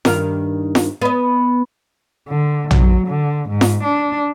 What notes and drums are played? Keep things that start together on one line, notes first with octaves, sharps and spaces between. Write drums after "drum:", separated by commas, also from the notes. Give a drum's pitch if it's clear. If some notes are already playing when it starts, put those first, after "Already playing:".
G2 D#3 A#4, drum: snare
drum: snare
B3 D#5
D3
F#3, drum: tom
D3
G#2
drum: snare
D4